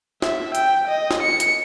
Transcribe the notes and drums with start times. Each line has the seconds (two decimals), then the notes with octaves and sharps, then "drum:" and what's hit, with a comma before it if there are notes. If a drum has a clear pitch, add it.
0.22 E5, drum: snare
0.55 G5, drum: hi-hat
0.88 D#5
1.11 drum: snare
1.22 C#7
1.40 drum: hi-hat